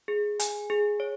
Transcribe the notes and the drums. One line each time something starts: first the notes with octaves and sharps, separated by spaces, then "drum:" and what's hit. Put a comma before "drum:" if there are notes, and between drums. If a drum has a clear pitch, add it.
G#4
G#5, drum: hi-hat
G#4
C#5